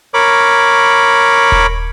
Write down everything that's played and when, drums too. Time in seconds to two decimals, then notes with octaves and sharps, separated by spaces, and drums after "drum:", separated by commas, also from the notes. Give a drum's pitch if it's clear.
0.14 A#4 C#5 B5 D6
1.52 drum: kick D#1